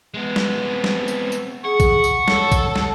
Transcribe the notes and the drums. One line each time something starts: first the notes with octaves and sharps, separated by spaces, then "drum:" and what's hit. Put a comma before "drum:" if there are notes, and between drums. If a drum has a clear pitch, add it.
G#3 B3
drum: snare
C4
drum: snare
drum: tambourine
drum: tambourine
G#4 F#5 C#6
drum: kick A#1, tambourine
drum: tambourine
A4 C#5, drum: snare
drum: kick A#1, tambourine
drum: snare